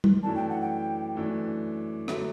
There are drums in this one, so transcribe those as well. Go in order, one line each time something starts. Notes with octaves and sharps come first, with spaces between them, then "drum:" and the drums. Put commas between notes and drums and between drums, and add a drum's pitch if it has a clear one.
drum: tom G3
F#2 E3 A3 D4 A5
G5
F#5
G5
F#2 E3 A3 D4
D3 F#3 A3 E5, drum: rim click